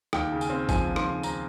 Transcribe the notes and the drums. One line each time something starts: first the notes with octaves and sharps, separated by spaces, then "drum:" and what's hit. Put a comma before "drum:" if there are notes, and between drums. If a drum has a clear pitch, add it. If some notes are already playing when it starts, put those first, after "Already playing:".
D#2 G5, drum: rim click
C#3
G#5, drum: tambourine
C4
F3 G#5, drum: kick G#1, tambourine
D#2
C6, drum: rim click
C#3
C4 A#5, drum: tambourine